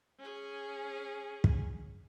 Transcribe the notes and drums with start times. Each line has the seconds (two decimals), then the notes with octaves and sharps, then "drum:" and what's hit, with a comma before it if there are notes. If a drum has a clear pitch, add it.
0.19 C#4 G#4
1.44 drum: kick